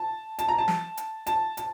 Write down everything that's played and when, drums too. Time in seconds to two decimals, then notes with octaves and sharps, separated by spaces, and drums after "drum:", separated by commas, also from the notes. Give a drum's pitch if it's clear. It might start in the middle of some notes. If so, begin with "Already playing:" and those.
Already playing: A5
0.39 A5, drum: hi-hat
0.48 A#5
0.58 A5
0.68 drum: snare
0.97 drum: hi-hat
1.27 A5, drum: hi-hat
1.57 A5, drum: hi-hat